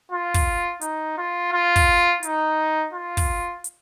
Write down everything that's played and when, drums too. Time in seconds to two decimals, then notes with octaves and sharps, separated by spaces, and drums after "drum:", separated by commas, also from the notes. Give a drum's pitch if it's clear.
0.11 F4
0.34 drum: kick, open hi-hat
0.81 D#4, drum: hi-hat
1.17 F4
1.52 F4
1.76 drum: kick, open hi-hat
2.23 D#4, drum: hi-hat
2.93 F4
3.17 drum: kick, open hi-hat
3.64 drum: hi-hat